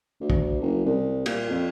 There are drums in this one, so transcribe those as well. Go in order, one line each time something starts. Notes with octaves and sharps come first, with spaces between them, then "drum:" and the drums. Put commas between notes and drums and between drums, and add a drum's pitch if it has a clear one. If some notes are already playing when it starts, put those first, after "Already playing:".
D2
drum: kick
F#1
C2
A#2, drum: cymbal
F2